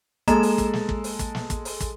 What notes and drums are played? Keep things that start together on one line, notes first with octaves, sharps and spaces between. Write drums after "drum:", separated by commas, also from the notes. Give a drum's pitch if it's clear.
G#3 A#3 A4 A#5 E7, drum: kick, hi-hat
drum: open hi-hat
drum: kick, hi-hat
drum: snare
drum: kick
drum: open hi-hat
drum: kick, hi-hat
drum: snare
drum: kick, hi-hat
drum: open hi-hat
drum: kick, hi-hat